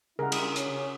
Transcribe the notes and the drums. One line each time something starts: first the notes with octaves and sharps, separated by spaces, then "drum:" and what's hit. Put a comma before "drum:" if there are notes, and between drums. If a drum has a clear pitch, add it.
C#3 G3 G#3 E4 G#4 A#4 F#5
drum: cymbal
C#4, drum: hi-hat